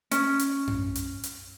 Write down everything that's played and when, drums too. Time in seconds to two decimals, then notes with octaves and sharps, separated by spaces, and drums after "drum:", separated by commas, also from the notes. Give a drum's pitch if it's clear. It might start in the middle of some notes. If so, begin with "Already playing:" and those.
0.11 C#4, drum: hi-hat
0.39 drum: hi-hat
0.67 drum: tom F#2
0.95 drum: hi-hat
1.24 drum: hi-hat